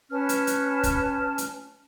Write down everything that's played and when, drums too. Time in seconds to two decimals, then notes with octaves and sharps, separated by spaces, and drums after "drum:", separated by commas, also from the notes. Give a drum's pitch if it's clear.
0.11 C#4 B4 A5 F6
0.29 drum: hi-hat
0.47 drum: hi-hat
0.83 drum: kick, hi-hat
1.38 drum: hi-hat